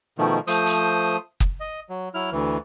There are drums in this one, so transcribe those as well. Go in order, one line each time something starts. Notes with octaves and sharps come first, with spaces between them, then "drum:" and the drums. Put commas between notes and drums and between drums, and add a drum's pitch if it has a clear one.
B2 D#3 F3 A3
F3 A3 C5 D#6, drum: hi-hat
drum: hi-hat
drum: kick
D#5
F#3
F#3 E4 F6
D2 E3